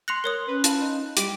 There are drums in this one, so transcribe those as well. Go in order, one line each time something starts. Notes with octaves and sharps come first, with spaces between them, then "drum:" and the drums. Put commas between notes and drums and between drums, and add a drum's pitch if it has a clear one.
C6 F#6 A#6 C#7 F7
A#4 C#5 D#6
C#4 B4
F4 A5 B5, drum: hi-hat
D#4
G3 G4 D6 D7, drum: hi-hat